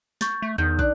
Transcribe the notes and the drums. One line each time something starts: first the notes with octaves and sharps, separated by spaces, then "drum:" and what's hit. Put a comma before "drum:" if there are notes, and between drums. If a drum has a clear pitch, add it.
C#6 G6 A6, drum: snare
A3
E2 D#3 G6
D4 F#6, drum: kick